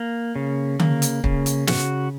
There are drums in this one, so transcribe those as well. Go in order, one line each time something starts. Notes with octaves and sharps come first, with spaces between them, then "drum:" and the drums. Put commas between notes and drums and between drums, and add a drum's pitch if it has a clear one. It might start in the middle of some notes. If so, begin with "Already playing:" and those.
Already playing: A#3
C#3
A#3, drum: tom D3
drum: hi-hat
C#3, drum: kick
drum: hi-hat
F#4, drum: snare